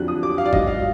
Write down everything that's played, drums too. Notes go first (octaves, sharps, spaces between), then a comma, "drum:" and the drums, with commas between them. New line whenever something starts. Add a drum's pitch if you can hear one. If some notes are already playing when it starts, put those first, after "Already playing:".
Already playing: F2 D3 F#3 F#6
D#6
D6
F5
D5
G#2 F#3 D#5, drum: kick G1
F5